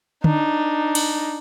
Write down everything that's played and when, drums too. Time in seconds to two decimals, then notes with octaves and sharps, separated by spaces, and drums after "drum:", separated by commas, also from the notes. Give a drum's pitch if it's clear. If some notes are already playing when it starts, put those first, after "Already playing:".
0.24 D4 D#4, drum: tom D3
0.95 drum: cymbal